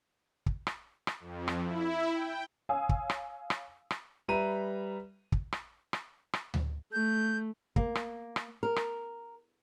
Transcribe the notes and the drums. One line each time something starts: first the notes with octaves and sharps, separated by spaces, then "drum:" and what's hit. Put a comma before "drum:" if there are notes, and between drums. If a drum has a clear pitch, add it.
drum: kick
drum: rim click
drum: rim click
F2
drum: rim click
E4
G5
C#5 F5 G#5 D#6 E6
drum: kick
drum: rim click
drum: rim click
drum: rim click
G3 B4 E5 A#5 D#7
drum: kick
drum: rim click
drum: rim click
drum: rim click
drum: tom D2
A3 G6
A#3, drum: kick
drum: rim click
drum: rim click
A#4
drum: rim click